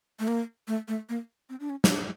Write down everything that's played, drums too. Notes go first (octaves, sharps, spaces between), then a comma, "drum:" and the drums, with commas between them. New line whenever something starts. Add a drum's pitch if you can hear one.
A3
A#3
A3
A3
A#3
C4
D4
C#4
D#4, drum: snare
D4